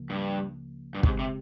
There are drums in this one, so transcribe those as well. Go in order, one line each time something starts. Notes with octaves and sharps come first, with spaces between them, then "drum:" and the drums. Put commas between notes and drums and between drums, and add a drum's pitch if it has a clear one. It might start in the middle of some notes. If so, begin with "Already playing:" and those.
Already playing: C#2 C#3 F3 A#3
G2
G2
G#2 C#3 G#3 C4 G4, drum: kick
C3